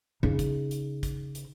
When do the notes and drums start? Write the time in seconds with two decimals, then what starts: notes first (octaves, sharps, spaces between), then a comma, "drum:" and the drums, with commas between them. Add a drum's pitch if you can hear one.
0.23 C#3 D#4
0.39 drum: kick, hi-hat
0.71 drum: hi-hat
1.03 drum: kick, hi-hat
1.35 drum: hi-hat